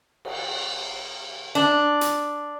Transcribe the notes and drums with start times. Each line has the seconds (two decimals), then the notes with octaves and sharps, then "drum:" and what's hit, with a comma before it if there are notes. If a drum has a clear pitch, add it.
0.25 drum: cymbal
1.55 D4
2.01 drum: hi-hat